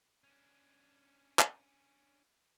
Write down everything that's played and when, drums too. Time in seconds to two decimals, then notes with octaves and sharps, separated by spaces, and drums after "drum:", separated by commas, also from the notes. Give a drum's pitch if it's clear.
0.24 C#4 D4
1.39 drum: clap